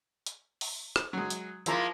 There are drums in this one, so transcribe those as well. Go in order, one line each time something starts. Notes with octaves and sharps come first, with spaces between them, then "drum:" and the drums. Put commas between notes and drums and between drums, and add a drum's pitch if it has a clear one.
drum: hi-hat
drum: open hi-hat
drum: rim click
F#3 G#3
drum: hi-hat
F3 G#3 A#3 E4 A#5, drum: hi-hat